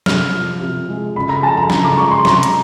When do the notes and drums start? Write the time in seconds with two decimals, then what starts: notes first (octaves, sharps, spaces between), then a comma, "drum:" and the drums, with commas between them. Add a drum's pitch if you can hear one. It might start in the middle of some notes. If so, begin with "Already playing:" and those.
0.06 C3 F6, drum: snare
0.33 F3
0.61 C3
0.89 G#3
1.16 C#3 B5
1.29 A#5
1.43 F3 A5
1.57 A#5
1.70 C#3 A#5, drum: snare
1.85 D6
1.98 G#3 C#6
2.11 C6
2.25 C3 A#5, drum: snare
2.43 drum: hi-hat